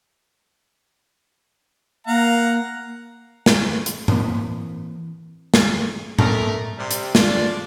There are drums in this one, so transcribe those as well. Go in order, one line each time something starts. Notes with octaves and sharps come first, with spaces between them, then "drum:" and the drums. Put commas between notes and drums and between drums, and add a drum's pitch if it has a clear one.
A#3 F5 F#5 A#5
drum: snare
drum: hi-hat
E3 A#3 C4, drum: tom A2
drum: snare
A3 A#4, drum: tom A2
C3 G3
drum: hi-hat
D4 F4 D5, drum: snare